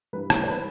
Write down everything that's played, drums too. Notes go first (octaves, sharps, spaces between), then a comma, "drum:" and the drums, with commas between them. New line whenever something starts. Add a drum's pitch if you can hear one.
G2 E3 G3 B4
drum: rim click
C5
E3 G3 B4